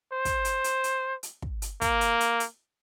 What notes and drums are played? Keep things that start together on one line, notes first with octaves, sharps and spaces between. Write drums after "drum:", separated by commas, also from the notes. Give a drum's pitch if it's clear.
C5
drum: kick, hi-hat
drum: hi-hat
drum: hi-hat
drum: hi-hat
drum: hi-hat
drum: kick
drum: hi-hat
A#3, drum: kick, hi-hat
drum: hi-hat
drum: hi-hat
drum: hi-hat